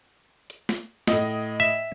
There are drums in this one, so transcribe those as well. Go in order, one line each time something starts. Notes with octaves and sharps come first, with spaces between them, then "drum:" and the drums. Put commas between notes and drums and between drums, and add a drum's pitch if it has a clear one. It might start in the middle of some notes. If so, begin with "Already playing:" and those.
drum: hi-hat
drum: snare
A2 D#5, drum: snare
E5